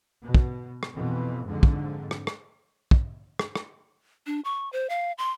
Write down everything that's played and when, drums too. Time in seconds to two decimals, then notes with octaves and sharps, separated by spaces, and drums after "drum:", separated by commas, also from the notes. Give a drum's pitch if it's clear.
0.23 B2
0.35 drum: kick
0.83 drum: rim click
0.95 F2 B2 E3
1.47 F2 G#2 D3
1.63 drum: kick
2.11 drum: rim click
2.27 drum: rim click
2.91 drum: kick
3.39 drum: rim click
3.55 drum: rim click
4.27 D4
4.45 C#6
4.73 C5
4.90 F5
5.18 C6